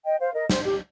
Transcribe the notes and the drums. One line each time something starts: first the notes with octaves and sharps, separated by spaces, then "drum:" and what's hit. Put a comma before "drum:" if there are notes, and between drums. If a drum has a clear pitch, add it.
D#5 G5
C5 F5
A#4 D#5
C5, drum: snare
G4